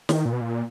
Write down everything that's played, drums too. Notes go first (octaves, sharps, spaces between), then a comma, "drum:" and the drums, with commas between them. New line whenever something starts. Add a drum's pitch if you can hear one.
D#3, drum: snare
A#2
B2
A#2